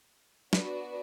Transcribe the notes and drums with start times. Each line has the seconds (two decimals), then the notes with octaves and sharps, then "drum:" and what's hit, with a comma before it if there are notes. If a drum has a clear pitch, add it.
0.53 B3 D4 F#4 B4 D5, drum: snare